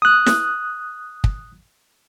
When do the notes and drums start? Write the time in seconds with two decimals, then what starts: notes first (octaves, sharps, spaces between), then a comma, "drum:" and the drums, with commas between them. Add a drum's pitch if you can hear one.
0.02 D#6 F#6
0.26 drum: snare
1.24 drum: kick